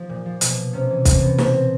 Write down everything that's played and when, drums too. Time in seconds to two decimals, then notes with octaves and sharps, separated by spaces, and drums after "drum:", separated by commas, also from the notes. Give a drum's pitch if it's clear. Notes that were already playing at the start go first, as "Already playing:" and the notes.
Already playing: F3 D#4
0.09 A#2
0.26 F3
0.41 B2, drum: hi-hat
0.73 C3 C#4
0.90 E3
1.05 B2 C4, drum: kick, hi-hat
1.22 B3
1.38 B2 C4, drum: snare